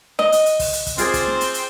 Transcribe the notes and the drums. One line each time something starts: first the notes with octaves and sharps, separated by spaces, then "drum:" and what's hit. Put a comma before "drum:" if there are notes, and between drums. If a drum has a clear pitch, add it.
D#5, drum: snare
drum: hi-hat
drum: hi-hat
drum: kick, open hi-hat
drum: hi-hat
drum: kick, hi-hat
C4 F4 G#4 C5 D5, drum: hi-hat
drum: kick, hi-hat
drum: snare
drum: hi-hat
drum: hi-hat